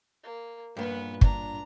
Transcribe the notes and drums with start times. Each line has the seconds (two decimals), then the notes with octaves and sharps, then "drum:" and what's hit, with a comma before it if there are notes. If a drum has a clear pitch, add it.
0.23 A#3
0.77 G2 A#2 B3 B4
1.21 D4 A#5, drum: kick